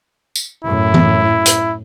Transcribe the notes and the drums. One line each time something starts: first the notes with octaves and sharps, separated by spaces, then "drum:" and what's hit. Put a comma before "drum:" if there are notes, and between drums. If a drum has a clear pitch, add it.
drum: tambourine
F#2 A2 E4
drum: tom E3
drum: hi-hat